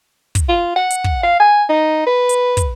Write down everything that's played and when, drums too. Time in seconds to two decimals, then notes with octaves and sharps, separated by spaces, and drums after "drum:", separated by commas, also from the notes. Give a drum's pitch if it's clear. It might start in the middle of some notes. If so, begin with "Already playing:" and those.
0.35 drum: kick, hi-hat
0.49 F4
0.76 F#5
0.90 drum: hi-hat
1.04 drum: kick
1.23 F5
1.40 G#5
1.69 D#4
2.07 B4
2.29 drum: hi-hat
2.57 drum: kick, hi-hat